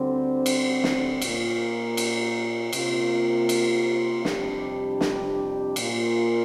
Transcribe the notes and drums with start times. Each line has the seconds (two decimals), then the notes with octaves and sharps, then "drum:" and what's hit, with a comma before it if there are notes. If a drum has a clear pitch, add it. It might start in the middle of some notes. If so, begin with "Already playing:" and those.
Already playing: D2 D3 G3 C4
0.46 drum: cymbal
0.84 drum: snare
1.22 A#2 A#3 F4, drum: cymbal
1.97 drum: cymbal
2.73 C3 A#3 F4, drum: cymbal
3.49 drum: cymbal
4.25 F2 C3 G3 D4 G4, drum: snare
5.01 drum: snare
5.76 A#2 A#3 F4, drum: cymbal